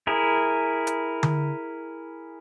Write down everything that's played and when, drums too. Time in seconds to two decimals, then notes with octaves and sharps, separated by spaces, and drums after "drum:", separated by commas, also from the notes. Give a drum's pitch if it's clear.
0.07 E4 G#4 A#4
0.87 drum: hi-hat
1.23 drum: tom D3